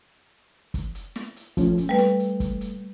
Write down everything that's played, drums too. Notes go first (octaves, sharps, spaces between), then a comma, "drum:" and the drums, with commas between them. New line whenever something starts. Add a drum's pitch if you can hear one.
drum: kick, hi-hat
drum: hi-hat
drum: snare
drum: hi-hat
F3 A3 C#4, drum: kick, hi-hat
drum: hi-hat
G3 A3 B4
drum: snare
drum: hi-hat
drum: kick, hi-hat
drum: hi-hat